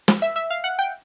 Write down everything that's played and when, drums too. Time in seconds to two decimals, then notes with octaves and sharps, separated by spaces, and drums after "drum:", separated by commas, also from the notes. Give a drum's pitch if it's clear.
0.08 drum: snare
0.22 E5
0.36 E5
0.50 F5
0.64 F#5
0.79 G5